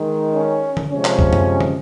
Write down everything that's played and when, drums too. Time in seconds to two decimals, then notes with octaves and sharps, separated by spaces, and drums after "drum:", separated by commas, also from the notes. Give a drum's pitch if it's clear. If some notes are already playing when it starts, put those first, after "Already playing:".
Already playing: D#3 G#3
0.34 C#4
0.77 drum: tom
0.91 C3 F3 G#3 C#4
1.05 drum: clap
1.19 drum: kick
1.33 drum: tom F#2
1.61 drum: tom